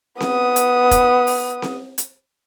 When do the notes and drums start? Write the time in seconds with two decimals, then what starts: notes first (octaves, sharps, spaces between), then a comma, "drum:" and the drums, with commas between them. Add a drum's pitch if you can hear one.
0.20 B3 D#6, drum: snare C4
0.56 drum: hi-hat
0.91 drum: kick F1, hi-hat
1.27 drum: open hi-hat
1.62 drum: snare C4
1.98 drum: hi-hat